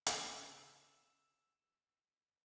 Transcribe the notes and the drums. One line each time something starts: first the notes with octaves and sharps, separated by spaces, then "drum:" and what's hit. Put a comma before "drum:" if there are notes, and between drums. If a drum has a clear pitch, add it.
drum: hi-hat
C#3
E6